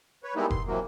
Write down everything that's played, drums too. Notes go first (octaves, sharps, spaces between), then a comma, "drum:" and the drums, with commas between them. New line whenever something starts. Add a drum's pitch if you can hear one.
B4 C#5
G3 G#3 A#3 B3 D#4 E4
C6, drum: kick F1
C3 E3 F#3 A#3